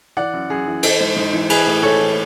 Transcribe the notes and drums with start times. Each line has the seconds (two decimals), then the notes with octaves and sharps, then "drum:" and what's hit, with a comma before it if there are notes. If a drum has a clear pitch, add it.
0.17 E3 D5 F#5
0.33 F#2
0.50 F#2 G#4
0.67 E3
0.83 E3 A4, drum: cymbal
1.00 G#2
1.16 G#2
1.33 E3
1.50 E3 G#4 B4, drum: cymbal
1.67 A2
1.83 A2 A4 C#5
2.00 E3